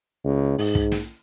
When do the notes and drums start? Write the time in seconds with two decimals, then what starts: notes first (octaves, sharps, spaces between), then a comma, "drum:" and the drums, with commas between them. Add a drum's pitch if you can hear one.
0.24 C#2
0.58 G#2, drum: open hi-hat
0.75 drum: kick
0.92 drum: snare